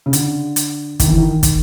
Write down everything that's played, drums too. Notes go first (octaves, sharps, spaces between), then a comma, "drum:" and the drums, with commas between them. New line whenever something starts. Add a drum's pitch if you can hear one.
C#3
D3, drum: hi-hat
drum: hi-hat
D#3, drum: kick, hi-hat
E3
D#3
drum: kick, hi-hat